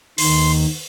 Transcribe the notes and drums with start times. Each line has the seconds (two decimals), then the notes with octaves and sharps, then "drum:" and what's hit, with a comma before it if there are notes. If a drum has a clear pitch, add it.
0.18 D#2 D#3 C6, drum: open hi-hat